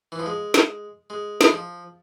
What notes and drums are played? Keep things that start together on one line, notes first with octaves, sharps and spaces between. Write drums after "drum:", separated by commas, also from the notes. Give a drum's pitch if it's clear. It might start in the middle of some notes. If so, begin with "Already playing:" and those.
E3
F3
G#3
drum: snare
G#3
G#3, drum: snare
F3